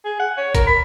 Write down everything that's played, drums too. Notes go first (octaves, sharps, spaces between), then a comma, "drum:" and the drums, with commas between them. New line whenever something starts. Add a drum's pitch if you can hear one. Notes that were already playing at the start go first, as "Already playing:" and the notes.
G#4
F#5
C#5
A#4, drum: kick G#1, hi-hat
B5